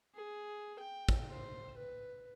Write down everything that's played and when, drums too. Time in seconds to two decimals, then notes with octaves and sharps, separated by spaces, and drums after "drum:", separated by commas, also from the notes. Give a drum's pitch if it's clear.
0.15 G#4
0.79 G5
1.09 drum: kick
1.30 C5
1.77 B4